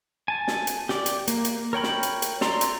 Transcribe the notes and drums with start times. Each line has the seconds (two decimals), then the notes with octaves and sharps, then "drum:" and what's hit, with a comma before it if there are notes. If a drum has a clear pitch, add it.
0.28 G#5 A5
0.48 drum: snare
0.67 drum: hi-hat
0.89 G4 D5, drum: snare
1.06 drum: hi-hat
1.27 A#3, drum: hi-hat
1.45 drum: hi-hat
1.73 A#4 C#5 G5 B5
1.83 drum: snare
2.03 drum: hi-hat
2.22 drum: hi-hat
2.41 A4 D5 A#5 C6, drum: snare
2.61 drum: hi-hat